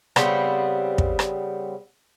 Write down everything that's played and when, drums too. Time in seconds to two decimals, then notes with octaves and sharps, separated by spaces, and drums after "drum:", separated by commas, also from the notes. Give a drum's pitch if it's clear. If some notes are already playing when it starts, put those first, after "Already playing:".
0.16 C#3 G3 B3 C4, drum: rim click
0.98 drum: kick
1.19 drum: rim click